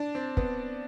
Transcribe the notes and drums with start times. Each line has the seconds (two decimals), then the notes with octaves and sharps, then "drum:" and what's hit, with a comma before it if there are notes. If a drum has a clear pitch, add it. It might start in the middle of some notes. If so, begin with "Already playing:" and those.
Already playing: D4
0.15 C4
0.37 B3, drum: kick